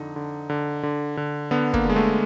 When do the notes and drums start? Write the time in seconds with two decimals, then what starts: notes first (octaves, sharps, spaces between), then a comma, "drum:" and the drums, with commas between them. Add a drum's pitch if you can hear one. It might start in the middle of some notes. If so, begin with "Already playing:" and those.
Already playing: F2 D3 D#4
0.16 D3
0.50 D3
0.83 D3
1.17 D3
1.51 D3 B3
1.74 A#3, drum: kick
1.85 D3 G#3
1.96 A3